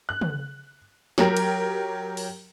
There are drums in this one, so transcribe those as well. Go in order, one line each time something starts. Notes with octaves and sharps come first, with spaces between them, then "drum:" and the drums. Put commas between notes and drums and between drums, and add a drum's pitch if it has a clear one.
F#6
drum: tom C#3
F#3 G4 A#4, drum: snare
drum: cymbal
drum: open hi-hat